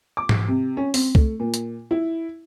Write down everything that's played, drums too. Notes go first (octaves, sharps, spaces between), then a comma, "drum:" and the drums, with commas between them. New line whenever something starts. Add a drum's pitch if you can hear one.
D6
drum: tom G#2
C3
C#4
C4, drum: open hi-hat
A3, drum: kick C2
A#2
drum: hi-hat
E4